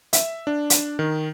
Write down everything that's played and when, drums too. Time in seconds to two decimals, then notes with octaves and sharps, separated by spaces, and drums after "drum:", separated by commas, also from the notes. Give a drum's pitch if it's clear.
0.13 E5, drum: hi-hat
0.47 D4
0.70 drum: hi-hat
0.99 D#3